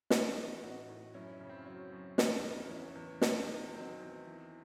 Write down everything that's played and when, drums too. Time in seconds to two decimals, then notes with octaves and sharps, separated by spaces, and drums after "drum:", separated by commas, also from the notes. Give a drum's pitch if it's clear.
0.10 E3 C#4 E4, drum: snare
0.37 E3
0.62 A2 D#4 F#4
0.89 A2
1.14 F#2 C#4 E4
1.32 C#4
1.40 C#3
1.49 C4
1.66 F#3 C#4
1.92 F#2
2.18 E2, drum: snare
2.43 C#3
2.70 E3 C#4
2.95 E2
3.21 E2, drum: snare
3.48 D#3
3.73 F#3 C4 D#4
4.00 E2
4.25 E3